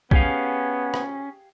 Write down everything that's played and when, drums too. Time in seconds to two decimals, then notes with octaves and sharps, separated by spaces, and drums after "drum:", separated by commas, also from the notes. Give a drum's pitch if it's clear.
0.11 B3 C#4 G4 G#4 F5, drum: kick A#1
0.94 drum: rim click